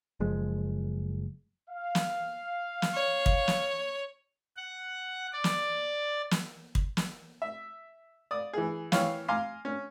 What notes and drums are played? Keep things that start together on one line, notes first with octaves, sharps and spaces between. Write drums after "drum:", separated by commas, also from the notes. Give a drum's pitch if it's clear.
F#1 F3 G#3
F5
drum: snare
drum: snare
C#5
drum: kick
drum: snare
F#5
D5
drum: snare
drum: snare
drum: kick
drum: snare
E5
D5 D#6
E3 G#4
E3 G4 C#5 F5, drum: snare
F5 G#5 A#5 C6 D6
C#4